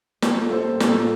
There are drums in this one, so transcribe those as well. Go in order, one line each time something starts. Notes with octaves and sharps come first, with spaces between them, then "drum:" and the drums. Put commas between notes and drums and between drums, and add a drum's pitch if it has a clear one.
A2 G3 A#3 F4 A4, drum: snare
A4 C5
F4 A4, drum: snare